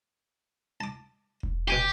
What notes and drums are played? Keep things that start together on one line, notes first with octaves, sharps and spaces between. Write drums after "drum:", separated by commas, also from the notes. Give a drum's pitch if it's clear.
A5 D6
drum: kick E1
B2 G4 G#5 C#6